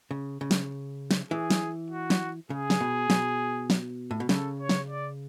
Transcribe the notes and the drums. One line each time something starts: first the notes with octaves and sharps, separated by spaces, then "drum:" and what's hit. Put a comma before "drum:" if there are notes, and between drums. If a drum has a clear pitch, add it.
C#3
C#3
drum: snare
drum: snare
E3 G#4
drum: snare
F#4
drum: snare
C#3 G#4
drum: snare
B2
B2, drum: snare
drum: snare
A2
B2
C#3 A4, drum: snare
C#5
drum: snare
D5